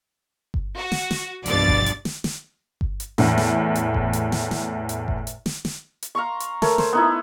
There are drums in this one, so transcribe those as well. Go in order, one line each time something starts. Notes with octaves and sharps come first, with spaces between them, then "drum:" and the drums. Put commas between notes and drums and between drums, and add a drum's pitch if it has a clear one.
drum: kick G1
F#4
drum: snare
drum: snare
C2 G2 B2 F3 D5 A6, drum: hi-hat
drum: kick G1
drum: hi-hat
drum: snare
drum: snare
drum: kick G1
drum: hi-hat
E2 A2, drum: snare
drum: snare
drum: hi-hat
drum: kick G1
drum: hi-hat
drum: snare
drum: snare
drum: hi-hat
drum: kick G1
drum: hi-hat
drum: snare
drum: snare
drum: hi-hat
F5 A#5 C6 C#6
drum: hi-hat
A3 A#4 C#5, drum: snare
C5, drum: snare
B3 D#4 E4